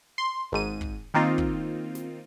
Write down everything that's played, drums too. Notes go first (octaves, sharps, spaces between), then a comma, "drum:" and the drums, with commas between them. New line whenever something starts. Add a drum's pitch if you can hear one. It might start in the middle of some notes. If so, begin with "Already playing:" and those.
C6
G#1 G#2 D#7
drum: kick
D#3 A#3 C4 D#4 F4
drum: kick
drum: snare